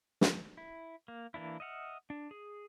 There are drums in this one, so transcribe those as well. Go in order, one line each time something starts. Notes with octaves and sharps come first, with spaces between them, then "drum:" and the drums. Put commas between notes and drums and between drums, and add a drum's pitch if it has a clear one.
drum: snare
E4
A#3
E3 A#3 D4 E4
D#5 E5 F#5 F6
D4
G#4